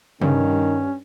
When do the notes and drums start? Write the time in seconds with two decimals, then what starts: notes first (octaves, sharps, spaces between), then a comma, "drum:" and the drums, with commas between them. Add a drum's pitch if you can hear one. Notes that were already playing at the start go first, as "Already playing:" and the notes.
0.22 G2 D#3 C#4, drum: tom C3